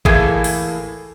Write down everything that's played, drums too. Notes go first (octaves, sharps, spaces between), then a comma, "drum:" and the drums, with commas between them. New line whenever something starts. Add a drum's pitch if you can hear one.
A2 E3 A#3 G#4 A4, drum: kick G#1
drum: open hi-hat